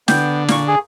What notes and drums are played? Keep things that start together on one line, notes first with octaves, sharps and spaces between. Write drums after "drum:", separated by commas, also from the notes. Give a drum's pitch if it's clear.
D3 B3 G5, drum: snare
A#2 A#3 C#6, drum: snare
G#4